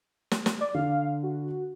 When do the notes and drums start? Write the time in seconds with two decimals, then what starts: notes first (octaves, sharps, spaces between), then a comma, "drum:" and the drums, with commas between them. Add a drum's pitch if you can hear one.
0.31 drum: snare
0.46 drum: snare
0.61 D5
0.75 D3 F5
1.23 F#4